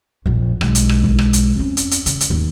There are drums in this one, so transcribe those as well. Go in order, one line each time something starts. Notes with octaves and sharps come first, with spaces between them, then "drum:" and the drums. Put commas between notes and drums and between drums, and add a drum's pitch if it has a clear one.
A#1 F2
B1 G#3, drum: rim click
drum: hi-hat
drum: rim click
drum: kick
drum: rim click
drum: hi-hat
F2 C#4
drum: hi-hat
drum: hi-hat
C#3, drum: hi-hat
drum: hi-hat
D#2